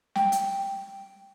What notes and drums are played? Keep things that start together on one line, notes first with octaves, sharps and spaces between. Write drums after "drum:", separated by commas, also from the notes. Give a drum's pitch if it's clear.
G5, drum: snare
drum: hi-hat